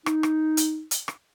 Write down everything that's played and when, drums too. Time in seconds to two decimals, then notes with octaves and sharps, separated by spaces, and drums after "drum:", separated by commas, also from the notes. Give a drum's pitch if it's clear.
0.06 D#4, drum: rim click
0.23 drum: rim click
0.57 drum: hi-hat
0.91 drum: hi-hat
1.08 drum: rim click